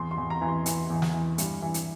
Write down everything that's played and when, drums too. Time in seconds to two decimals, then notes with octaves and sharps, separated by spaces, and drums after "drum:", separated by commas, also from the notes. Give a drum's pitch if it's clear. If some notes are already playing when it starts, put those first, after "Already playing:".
Already playing: E2 C6
0.11 C6
0.18 E2
0.30 A#5
0.41 E3
0.48 C6
0.66 E3, drum: hi-hat
0.90 E2
1.02 drum: snare
1.14 E3
1.38 G2, drum: hi-hat
1.62 E3
1.74 drum: hi-hat